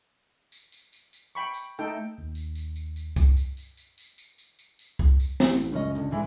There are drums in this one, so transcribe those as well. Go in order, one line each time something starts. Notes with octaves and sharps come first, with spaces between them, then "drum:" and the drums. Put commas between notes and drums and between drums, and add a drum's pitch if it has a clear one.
drum: tambourine
drum: tambourine
drum: tambourine
drum: tambourine
G5 B5 C#6
drum: tambourine
A3 D#4 A4 G5
D#2
drum: tambourine
drum: tambourine
drum: tambourine
drum: tambourine
drum: kick C2, tambourine
drum: tambourine
drum: tambourine
drum: tambourine
drum: tambourine
drum: tambourine
drum: tambourine
drum: tambourine
drum: tambourine
drum: kick C2
drum: tambourine
A1, drum: snare
drum: tambourine
C#2 F#2 C#4 D#5
D2
G#2 E3 G#3